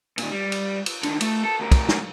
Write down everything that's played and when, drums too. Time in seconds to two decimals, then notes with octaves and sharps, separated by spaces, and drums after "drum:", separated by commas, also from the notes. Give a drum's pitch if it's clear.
0.18 A#2 D#3, drum: cymbal
0.31 G3
0.52 drum: cymbal
0.86 drum: cymbal
1.03 D3 D#3, drum: cymbal
1.21 A3, drum: cymbal
1.43 A4
1.60 D2 A#4
1.72 drum: kick, cymbal
1.89 drum: snare